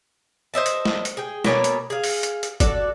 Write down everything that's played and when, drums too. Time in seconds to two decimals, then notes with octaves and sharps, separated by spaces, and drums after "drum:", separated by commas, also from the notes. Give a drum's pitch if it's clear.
0.54 C5 D#5 E5 A5
0.66 drum: hi-hat
0.85 drum: snare
1.05 drum: hi-hat
1.17 G#4 G5
1.44 B2 A#3 C#5 G#5, drum: snare
1.64 drum: hi-hat
1.90 G#4 F5
2.04 drum: open hi-hat
2.23 drum: hi-hat
2.43 drum: hi-hat
2.60 F#4 A4 D5, drum: kick, hi-hat